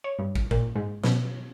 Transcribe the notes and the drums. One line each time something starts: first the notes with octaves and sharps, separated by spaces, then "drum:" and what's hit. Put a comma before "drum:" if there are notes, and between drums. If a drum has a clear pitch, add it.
C#5
G2
drum: kick
A#2, drum: kick
G#2
B2, drum: snare